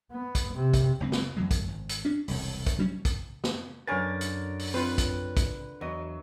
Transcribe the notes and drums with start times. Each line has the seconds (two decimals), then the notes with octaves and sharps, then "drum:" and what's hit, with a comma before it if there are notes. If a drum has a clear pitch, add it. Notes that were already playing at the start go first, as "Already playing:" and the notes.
0.11 B3
0.35 drum: kick, hi-hat
0.54 C3
0.74 drum: kick, hi-hat
1.00 F#1 C#2 C4
1.12 drum: snare
1.36 F#2 E3 F#3 G#3
1.51 drum: kick, hi-hat
1.68 G#1
1.89 drum: hi-hat
2.05 C#4 D4
2.28 E1 C2, drum: open hi-hat
2.66 drum: kick, hi-hat
2.78 F#3 G3 C4 C#4
3.05 drum: kick, hi-hat
3.44 drum: snare
3.87 F#2 D3 A#4 B4 C#5 G#5 A6
4.21 drum: hi-hat
4.59 drum: open hi-hat
4.74 C4 F4 B4
4.98 drum: kick, hi-hat
5.37 drum: kick, hi-hat
5.81 E2 F#3 D#5